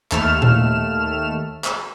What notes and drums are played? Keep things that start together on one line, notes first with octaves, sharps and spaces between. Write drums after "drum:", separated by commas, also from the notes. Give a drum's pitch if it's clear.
D#2 A3 F6 E7, drum: clap
drum: tom A#2
drum: clap